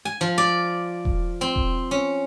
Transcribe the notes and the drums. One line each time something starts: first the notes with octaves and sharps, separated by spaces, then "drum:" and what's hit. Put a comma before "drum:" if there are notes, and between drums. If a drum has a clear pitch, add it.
G#5
F3
D5
drum: kick E1
C4
drum: kick E1
C#4